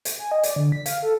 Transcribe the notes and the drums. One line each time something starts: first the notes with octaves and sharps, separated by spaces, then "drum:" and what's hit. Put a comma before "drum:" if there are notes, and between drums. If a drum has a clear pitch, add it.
drum: hi-hat
G#5
D#5
D5, drum: hi-hat
D3
B6
F5, drum: hi-hat
A4